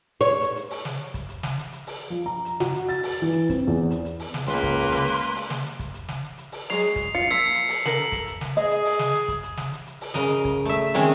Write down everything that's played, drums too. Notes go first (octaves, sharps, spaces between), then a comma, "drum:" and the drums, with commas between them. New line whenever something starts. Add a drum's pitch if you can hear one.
C#5
drum: hi-hat
drum: hi-hat
drum: open hi-hat
drum: snare
drum: kick, hi-hat
drum: hi-hat
drum: snare
drum: hi-hat
drum: hi-hat
drum: open hi-hat
F3
A#5
drum: hi-hat
F#4, drum: snare
drum: hi-hat
A6, drum: hi-hat
drum: open hi-hat
E3
drum: hi-hat
C4, drum: kick, hi-hat
E2
drum: hi-hat
drum: hi-hat
drum: open hi-hat
drum: snare
C#2 A#3 B4 C6, drum: hi-hat
drum: kick, hi-hat
drum: hi-hat
drum: snare
drum: hi-hat
drum: hi-hat
drum: open hi-hat
drum: snare
drum: hi-hat
drum: kick, hi-hat
drum: hi-hat
drum: snare
drum: hi-hat
drum: open hi-hat
F#3 G#3 G#4 C7 F7
drum: hi-hat
drum: kick, hi-hat
F4 C7 C#7
F3 A#3 E6 B6 C7
drum: hi-hat
drum: open hi-hat
A4 A#4 F#7, drum: snare
drum: hi-hat
drum: kick, hi-hat
drum: hi-hat
drum: snare
G#4 D#5, drum: hi-hat
drum: hi-hat
drum: open hi-hat
drum: snare
drum: hi-hat
drum: kick, hi-hat
drum: hi-hat
drum: snare
drum: hi-hat
drum: hi-hat
drum: open hi-hat
C#3 A#4 D#5, drum: snare
drum: hi-hat
drum: kick, hi-hat
A3 E5
D#3 G#3 C4 C#4